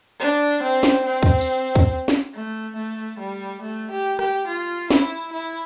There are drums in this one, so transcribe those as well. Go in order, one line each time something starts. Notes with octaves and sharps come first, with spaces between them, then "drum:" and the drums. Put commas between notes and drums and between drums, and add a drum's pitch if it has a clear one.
D4
C4
drum: snare
C4
drum: kick D2
drum: tambourine
drum: kick D2
drum: snare
A3
A3
G3
A3
G4
G4, drum: rim click
F4
E4, drum: snare
E4